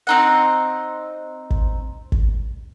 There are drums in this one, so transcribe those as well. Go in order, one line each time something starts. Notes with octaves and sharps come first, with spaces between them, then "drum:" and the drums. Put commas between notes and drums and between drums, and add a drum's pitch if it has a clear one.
C4 D#4 F#5
drum: kick
drum: kick